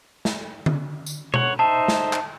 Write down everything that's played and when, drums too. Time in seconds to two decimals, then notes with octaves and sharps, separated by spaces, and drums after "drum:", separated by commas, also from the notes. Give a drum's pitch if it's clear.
0.25 drum: snare
0.66 drum: tom D3
1.06 drum: tambourine
1.34 C#5 F#5, drum: tom B2
1.59 D#4 C5 E5 A5
1.88 drum: snare
2.13 drum: clap